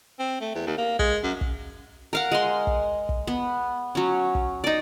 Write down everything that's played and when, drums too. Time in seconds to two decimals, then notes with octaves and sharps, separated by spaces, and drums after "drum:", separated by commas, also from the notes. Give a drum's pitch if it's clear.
0.19 C4
0.40 A3
0.55 E2
0.67 D#2
0.78 A#3
0.99 G#3, drum: kick
1.23 F#2
1.41 drum: kick
2.13 A#4 F5 F#5
2.32 G#3 A#5 C6
2.67 drum: kick
3.09 drum: kick
3.27 B3
3.95 F#3 C#4
4.35 drum: kick
4.64 D#4 D5